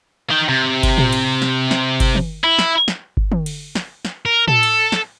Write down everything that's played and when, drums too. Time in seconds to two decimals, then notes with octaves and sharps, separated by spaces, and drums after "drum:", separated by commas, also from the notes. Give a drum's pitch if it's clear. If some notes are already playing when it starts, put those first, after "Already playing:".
0.31 D#4 G5
0.49 C3
0.83 drum: kick G1, cymbal
0.98 drum: tom
1.13 drum: cymbal
1.42 drum: snare
1.71 drum: snare
2.00 drum: kick G1, cymbal
2.15 drum: tom
2.44 E4
2.59 drum: snare
2.88 drum: snare
3.17 drum: kick G1
3.32 drum: tom
3.46 drum: cymbal
3.75 drum: snare
4.05 drum: snare
4.26 A#4
4.48 A4, drum: tom
4.63 drum: cymbal
4.92 drum: snare